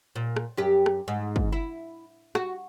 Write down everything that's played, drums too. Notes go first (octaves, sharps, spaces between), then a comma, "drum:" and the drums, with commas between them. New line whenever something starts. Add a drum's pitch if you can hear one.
A#2
drum: rim click
F#2 G4
drum: rim click
G#2
drum: kick
E4
F#4, drum: rim click